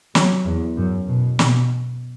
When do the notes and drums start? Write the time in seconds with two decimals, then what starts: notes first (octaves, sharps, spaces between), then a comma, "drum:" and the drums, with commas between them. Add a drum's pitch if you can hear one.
0.15 F#3, drum: snare
0.45 E2
0.77 F#2
1.08 B2
1.39 B2, drum: snare